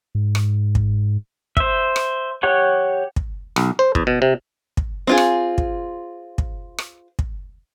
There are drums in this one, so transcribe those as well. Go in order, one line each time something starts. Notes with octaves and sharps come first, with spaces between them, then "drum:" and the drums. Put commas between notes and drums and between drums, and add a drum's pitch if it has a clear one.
G#2
drum: rim click
drum: kick
C5 E5, drum: kick
drum: rim click
G4 C#5 F#5 C#6
drum: kick
B1, drum: rim click
C5
E2, drum: kick
B2
C3
drum: kick
C4 F4 G#4
drum: rim click
drum: kick
drum: kick
drum: rim click
drum: kick